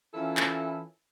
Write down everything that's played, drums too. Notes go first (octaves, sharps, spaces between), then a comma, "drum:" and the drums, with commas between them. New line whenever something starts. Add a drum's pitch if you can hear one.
E3 C#4 E4 F4 A4 A#4
drum: clap